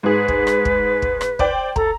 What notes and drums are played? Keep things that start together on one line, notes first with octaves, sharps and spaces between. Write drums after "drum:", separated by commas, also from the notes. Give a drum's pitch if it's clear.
G#2 G#4 B4
drum: kick
drum: rim click
drum: kick
drum: kick
drum: rim click
C5 D5 G5, drum: kick
A4 A#5, drum: kick